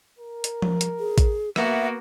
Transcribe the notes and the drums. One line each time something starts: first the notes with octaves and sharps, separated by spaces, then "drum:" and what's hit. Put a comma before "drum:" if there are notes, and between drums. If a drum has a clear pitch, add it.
A#4
drum: hi-hat
drum: tom F3
drum: hi-hat
G#4
drum: kick A1, hi-hat
A#3 B3 F#4 E5, drum: rim click